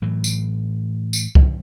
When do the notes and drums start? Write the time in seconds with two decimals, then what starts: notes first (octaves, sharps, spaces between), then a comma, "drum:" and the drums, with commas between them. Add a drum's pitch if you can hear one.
0.02 A2 E3 F#3
0.24 drum: tambourine
1.13 drum: tambourine
1.35 drum: kick C2